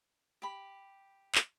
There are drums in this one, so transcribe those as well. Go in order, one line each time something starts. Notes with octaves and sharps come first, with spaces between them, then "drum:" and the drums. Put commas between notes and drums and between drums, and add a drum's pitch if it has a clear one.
G4 B5
drum: clap